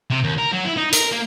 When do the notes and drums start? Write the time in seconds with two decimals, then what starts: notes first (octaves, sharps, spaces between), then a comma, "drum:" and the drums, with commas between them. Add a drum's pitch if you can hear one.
0.10 C3
0.24 D#2
0.38 A#4
0.52 F#3
0.65 E4
0.77 D#4
0.93 A#4, drum: hi-hat
1.12 A#3